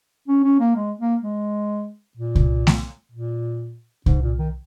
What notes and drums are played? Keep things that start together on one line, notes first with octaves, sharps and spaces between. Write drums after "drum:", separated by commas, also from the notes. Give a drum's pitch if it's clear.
C#4
C#4
A#3
G#3
A#3
G#3
A#2
drum: kick C2
drum: snare A3
A#2
G#2, drum: kick C2
A#2
D#3